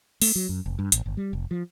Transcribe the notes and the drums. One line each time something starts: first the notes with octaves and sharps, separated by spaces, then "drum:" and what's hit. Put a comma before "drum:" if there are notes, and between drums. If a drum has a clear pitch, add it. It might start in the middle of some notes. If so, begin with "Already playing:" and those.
A3, drum: open hi-hat
F#3
F#2
F1
G2
A1, drum: hi-hat
G1
G3
F1
F3